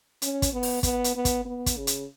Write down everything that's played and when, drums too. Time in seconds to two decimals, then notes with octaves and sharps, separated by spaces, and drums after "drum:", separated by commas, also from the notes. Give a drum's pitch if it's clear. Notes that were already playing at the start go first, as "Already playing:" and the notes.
0.22 C#4, drum: hi-hat
0.42 drum: kick, hi-hat
0.52 B3
0.63 drum: open hi-hat
0.83 B3, drum: kick, hi-hat
1.04 drum: hi-hat
1.15 B3
1.25 drum: kick, hi-hat
1.45 B3
1.66 drum: kick, hi-hat
1.77 C#3
1.87 drum: hi-hat